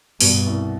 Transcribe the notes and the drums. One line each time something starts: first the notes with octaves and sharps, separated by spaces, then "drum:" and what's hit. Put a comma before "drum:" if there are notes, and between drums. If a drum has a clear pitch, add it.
G2 B2, drum: open hi-hat
C2